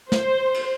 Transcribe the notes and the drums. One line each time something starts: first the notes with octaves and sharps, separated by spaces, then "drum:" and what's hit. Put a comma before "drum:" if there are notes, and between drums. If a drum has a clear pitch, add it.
C5, drum: snare
drum: cymbal